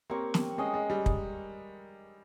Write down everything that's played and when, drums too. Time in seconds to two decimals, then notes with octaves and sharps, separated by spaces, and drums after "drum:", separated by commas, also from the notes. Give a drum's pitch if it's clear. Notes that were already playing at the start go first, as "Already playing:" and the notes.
0.10 A#3 C4 G4 A#4 C#5
0.34 drum: snare
0.58 G#3 C#4 G#4 D#5
0.74 G#3
0.90 G3
1.06 drum: kick